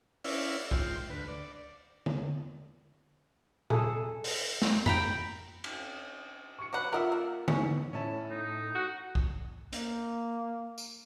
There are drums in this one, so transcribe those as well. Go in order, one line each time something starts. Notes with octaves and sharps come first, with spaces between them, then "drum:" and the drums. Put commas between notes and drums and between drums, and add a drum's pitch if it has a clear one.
C#4 E4 D5 E5 F5, drum: open hi-hat
G#2 F4 G5 C6, drum: kick
D2 B4
D5
drum: tom D3
G#4 A4, drum: tom A#2
drum: open hi-hat
drum: snare
G5 A#5 B5, drum: tom F2
drum: cymbal
C#6 C#7
F#3 B4 F#5 D6
F4 A#4 D#5 E5 F#5
A#3
G#2 E3 B3 C#4, drum: tom D3
A2 C#4 E4 A5
D#4
F#4
drum: kick
A#3, drum: hi-hat
drum: tambourine